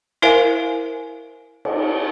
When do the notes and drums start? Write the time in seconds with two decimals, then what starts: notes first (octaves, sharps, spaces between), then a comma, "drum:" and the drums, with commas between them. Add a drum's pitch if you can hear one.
0.22 E4 A#4 C5 E5 F5 G#5
1.65 drum: cymbal